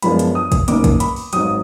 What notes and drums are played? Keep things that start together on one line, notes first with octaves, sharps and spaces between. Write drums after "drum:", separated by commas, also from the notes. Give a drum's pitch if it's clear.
F#2 F3 G#3 B3 D4 B5, drum: hi-hat
drum: hi-hat
D#6
drum: kick, hi-hat
F#1 F#2 D#3 D6, drum: hi-hat
drum: kick, hi-hat
B5, drum: hi-hat
drum: open hi-hat
G#1 G#2 F#3 D#6, drum: hi-hat